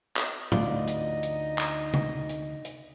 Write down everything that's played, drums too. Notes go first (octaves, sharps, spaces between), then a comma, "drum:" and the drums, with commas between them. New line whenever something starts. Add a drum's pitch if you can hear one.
drum: clap
D2 D#4 F4 D5 D#5, drum: tom
drum: hi-hat
drum: hi-hat
drum: clap
drum: tom C3
drum: hi-hat
drum: hi-hat